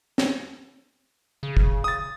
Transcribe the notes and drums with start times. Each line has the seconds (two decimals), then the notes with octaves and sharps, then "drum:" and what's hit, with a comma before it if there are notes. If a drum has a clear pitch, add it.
0.18 drum: snare
1.43 C#3
1.57 drum: kick
1.84 D#6 A6